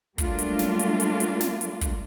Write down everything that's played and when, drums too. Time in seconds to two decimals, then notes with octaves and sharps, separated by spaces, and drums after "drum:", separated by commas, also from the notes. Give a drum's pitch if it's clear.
0.18 F#3 G3 A3 A#3 D4 F4, drum: kick, hi-hat
0.39 drum: hi-hat
0.59 drum: snare
0.79 drum: hi-hat
1.00 drum: hi-hat
1.20 drum: hi-hat
1.40 drum: snare
1.61 drum: hi-hat
1.81 drum: kick, hi-hat